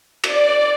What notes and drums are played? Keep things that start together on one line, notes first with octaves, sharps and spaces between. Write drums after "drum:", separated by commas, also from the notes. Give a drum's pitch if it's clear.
D5, drum: cymbal